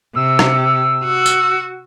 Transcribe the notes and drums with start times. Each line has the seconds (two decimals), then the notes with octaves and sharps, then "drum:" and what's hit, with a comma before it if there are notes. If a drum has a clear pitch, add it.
0.16 C3 E6
0.39 drum: rim click
1.04 F#4
1.26 drum: tambourine